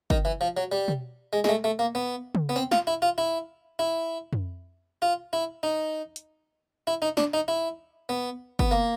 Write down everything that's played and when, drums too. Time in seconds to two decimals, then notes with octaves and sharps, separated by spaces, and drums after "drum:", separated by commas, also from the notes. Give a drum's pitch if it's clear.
0.10 D#3, drum: kick
0.25 E3
0.41 F3
0.57 F#3
0.72 G3
0.88 drum: tom
1.33 G#3
1.44 G#3, drum: snare
1.49 A3
1.64 A3
1.79 A#3
1.95 B3
2.35 drum: tom C#3
2.49 B3
2.56 C4
2.72 F4, drum: snare
2.87 E4
3.02 F4
3.18 E4
3.79 E4
4.33 drum: tom
5.02 F4
5.33 E4
5.63 D#4
6.16 drum: hi-hat
6.87 E4
7.02 D#4
7.17 D4, drum: snare
7.34 D#4
7.48 E4
8.09 B3
8.59 B3, drum: kick
8.71 A#3